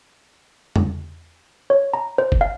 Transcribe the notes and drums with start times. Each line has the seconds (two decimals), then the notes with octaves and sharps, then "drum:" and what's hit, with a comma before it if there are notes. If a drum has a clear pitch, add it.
0.76 drum: tom E2
1.70 C#5
1.93 A#5
2.18 C5
2.32 drum: kick F#1
2.41 F5